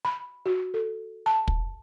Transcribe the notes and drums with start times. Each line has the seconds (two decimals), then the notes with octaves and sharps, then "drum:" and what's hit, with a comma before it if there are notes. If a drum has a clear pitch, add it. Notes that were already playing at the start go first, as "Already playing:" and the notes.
0.05 B5
0.46 F#4
0.74 A4
1.26 A5
1.48 drum: kick